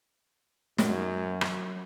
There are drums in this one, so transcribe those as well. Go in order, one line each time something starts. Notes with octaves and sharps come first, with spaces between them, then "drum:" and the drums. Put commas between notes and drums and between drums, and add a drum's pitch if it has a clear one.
F#2 F#3, drum: snare
drum: rim click